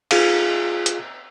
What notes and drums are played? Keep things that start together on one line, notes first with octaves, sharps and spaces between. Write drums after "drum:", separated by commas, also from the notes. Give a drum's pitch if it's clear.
F4 G#4 F5, drum: cymbal
drum: hi-hat